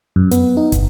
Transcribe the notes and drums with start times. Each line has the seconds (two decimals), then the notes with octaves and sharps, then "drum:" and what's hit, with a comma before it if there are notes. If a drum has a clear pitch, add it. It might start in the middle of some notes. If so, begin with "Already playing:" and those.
0.16 F#2
0.31 B3, drum: hi-hat
0.57 D#4
0.72 G1, drum: kick, hi-hat